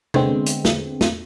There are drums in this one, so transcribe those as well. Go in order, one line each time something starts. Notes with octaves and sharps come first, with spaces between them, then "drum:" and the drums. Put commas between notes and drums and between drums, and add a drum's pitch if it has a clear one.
D3 G#3 B3 C4, drum: tom C3
drum: hi-hat
drum: snare
drum: snare